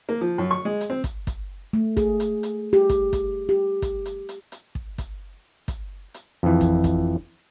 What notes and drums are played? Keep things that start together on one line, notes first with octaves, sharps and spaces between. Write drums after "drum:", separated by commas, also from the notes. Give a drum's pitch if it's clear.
A#3
F3
F#2
C#6
G#3
drum: hi-hat
C4
drum: kick, hi-hat
drum: kick, hi-hat
A3
G#4, drum: kick, hi-hat
drum: hi-hat
drum: hi-hat
G4
drum: kick, hi-hat
drum: kick, hi-hat
G4
drum: kick, hi-hat
drum: hi-hat
drum: hi-hat
drum: hi-hat
drum: kick
drum: kick, hi-hat
drum: kick, hi-hat
drum: hi-hat
F2 E3
drum: kick, hi-hat
drum: kick, hi-hat